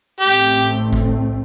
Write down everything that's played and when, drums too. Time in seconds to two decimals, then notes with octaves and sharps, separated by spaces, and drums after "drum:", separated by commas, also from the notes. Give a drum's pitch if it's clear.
0.20 A1 A2 A3 C4 G4
0.93 drum: kick G1